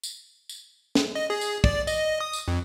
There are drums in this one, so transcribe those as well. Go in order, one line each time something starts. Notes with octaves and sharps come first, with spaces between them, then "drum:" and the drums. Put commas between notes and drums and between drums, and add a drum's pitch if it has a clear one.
drum: tambourine
drum: tambourine
drum: snare
D#5
G#4
drum: tambourine
D5, drum: kick
D#5, drum: tambourine
D#6
drum: tambourine
F2